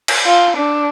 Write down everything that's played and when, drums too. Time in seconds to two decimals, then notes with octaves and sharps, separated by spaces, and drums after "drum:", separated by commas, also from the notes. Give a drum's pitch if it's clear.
0.08 drum: cymbal
0.26 F4
0.57 D4